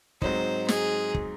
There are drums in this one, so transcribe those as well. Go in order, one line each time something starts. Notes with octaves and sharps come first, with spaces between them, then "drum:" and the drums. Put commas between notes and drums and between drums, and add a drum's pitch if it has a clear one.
G#2 F#3 C4 D#4 C5, drum: kick
G#4, drum: snare
drum: kick